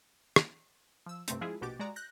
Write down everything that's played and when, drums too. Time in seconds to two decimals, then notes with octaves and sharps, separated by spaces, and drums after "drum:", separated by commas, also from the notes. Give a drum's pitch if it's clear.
0.36 drum: rim click
1.06 F3 E6
1.28 G2 C3 A3 C4, drum: hi-hat
1.41 F3 G#3 E4 F4 G#4
1.61 A#1 B2 F#4 G4 D6 A6
1.79 G#3 F#4 D5 A#5
1.96 F#6 G6 A#6